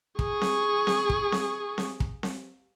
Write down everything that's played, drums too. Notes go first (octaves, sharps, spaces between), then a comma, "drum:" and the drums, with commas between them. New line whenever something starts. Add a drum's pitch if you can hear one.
G#4 C#6, drum: kick
drum: snare C4
drum: snare C4
drum: kick
drum: snare C4
drum: snare C4
drum: kick
drum: snare C4